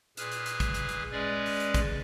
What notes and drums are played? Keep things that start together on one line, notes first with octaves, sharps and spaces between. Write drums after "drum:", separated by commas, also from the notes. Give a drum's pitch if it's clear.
A#2 G#4 B4 F6, drum: hi-hat
drum: hi-hat
drum: hi-hat
drum: kick, hi-hat
drum: hi-hat
drum: hi-hat
G#3 C#4 G#4 B4 D5
drum: open hi-hat
drum: hi-hat
drum: kick, hi-hat